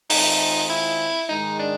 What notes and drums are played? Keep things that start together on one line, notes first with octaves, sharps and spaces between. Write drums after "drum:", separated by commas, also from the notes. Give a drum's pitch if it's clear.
D#3 G#3 C4 D#4 F4 G#4, drum: open hi-hat
E4
G#2 D#3 G#3 D#4
D4